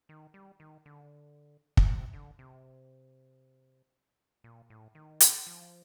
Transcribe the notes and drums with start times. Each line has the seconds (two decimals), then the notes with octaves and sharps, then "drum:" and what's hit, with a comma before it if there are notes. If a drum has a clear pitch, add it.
0.09 D#3
0.34 G3
0.60 D#3
0.86 D3
1.77 drum: kick
1.88 C3
2.13 D3
2.39 C3
4.44 A#2
4.70 A2
4.95 D#3
5.20 drum: hi-hat
5.47 F3